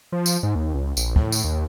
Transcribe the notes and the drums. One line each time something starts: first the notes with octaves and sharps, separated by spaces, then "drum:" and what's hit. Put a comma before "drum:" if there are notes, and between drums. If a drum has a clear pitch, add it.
F3
drum: tambourine
G#2
D#2
C#2
A#1, drum: tambourine
A2, drum: kick
drum: tambourine
D#2